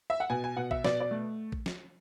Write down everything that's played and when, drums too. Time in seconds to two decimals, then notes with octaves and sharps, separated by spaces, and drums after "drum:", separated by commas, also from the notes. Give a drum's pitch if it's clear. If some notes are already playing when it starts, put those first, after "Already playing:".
0.10 E5
0.20 F#5
0.30 B2 G#5
0.44 G#5
0.57 B2 F#5
0.71 E5, drum: kick A#1
0.84 B2 D5, drum: snare
1.00 D5
1.11 A3
1.52 drum: kick A#1
1.66 drum: snare